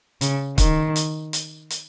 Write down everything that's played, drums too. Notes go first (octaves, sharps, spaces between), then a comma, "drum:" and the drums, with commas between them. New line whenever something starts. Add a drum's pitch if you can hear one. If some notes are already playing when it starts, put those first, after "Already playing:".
C#3, drum: hi-hat
D#3, drum: kick, hi-hat
drum: hi-hat
drum: hi-hat
drum: hi-hat